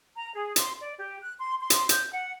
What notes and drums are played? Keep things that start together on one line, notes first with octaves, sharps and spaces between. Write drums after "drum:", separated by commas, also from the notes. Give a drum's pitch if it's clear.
A#5
G#4
C6, drum: hi-hat
D5
G4
F#6
C6
C6
drum: hi-hat
G6, drum: hi-hat
F#5